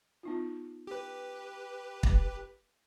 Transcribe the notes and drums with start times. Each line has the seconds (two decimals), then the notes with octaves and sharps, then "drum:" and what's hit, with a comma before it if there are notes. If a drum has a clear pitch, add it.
0.23 B3 D#4 F4
0.87 G4 B4
2.03 drum: kick